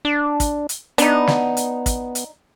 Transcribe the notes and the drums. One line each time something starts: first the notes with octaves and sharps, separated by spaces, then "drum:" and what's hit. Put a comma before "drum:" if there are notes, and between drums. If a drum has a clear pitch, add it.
D4
drum: kick, hi-hat
drum: hi-hat
B3 D4 D#4, drum: hi-hat
drum: snare
drum: hi-hat
drum: kick, hi-hat
drum: hi-hat